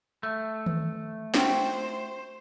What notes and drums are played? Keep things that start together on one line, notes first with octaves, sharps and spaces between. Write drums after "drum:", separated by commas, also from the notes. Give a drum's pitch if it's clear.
A3
drum: tom D#3
F4 F#4 C5 G5, drum: snare